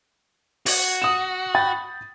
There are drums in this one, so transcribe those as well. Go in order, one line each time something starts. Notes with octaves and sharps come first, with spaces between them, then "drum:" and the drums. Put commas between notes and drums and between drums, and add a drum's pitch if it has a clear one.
F#4, drum: open hi-hat
D#6 E7
G5 B5 A6